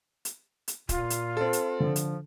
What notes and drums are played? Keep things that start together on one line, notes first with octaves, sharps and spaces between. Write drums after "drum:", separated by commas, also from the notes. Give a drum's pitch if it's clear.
drum: hi-hat
drum: hi-hat
A#2 F4, drum: kick, hi-hat
drum: hi-hat
C4 A4
drum: hi-hat
D3 F3
drum: hi-hat